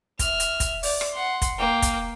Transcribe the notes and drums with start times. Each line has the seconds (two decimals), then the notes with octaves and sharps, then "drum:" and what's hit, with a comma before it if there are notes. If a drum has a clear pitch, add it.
0.19 E5 F6, drum: kick, hi-hat
0.40 drum: hi-hat
0.60 drum: kick, hi-hat
0.83 D5, drum: open hi-hat
1.01 drum: rim click
1.13 F#5 C6
1.42 drum: kick, hi-hat
1.59 A#3 G5
1.82 drum: kick, hi-hat